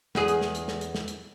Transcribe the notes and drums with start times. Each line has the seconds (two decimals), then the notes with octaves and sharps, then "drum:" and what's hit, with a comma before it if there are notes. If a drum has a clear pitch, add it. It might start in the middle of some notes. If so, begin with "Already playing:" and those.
0.15 E2 G#4, drum: snare
0.28 drum: hi-hat
0.41 drum: snare
0.55 drum: hi-hat
0.68 drum: snare
0.81 drum: hi-hat
0.95 drum: snare
1.08 drum: hi-hat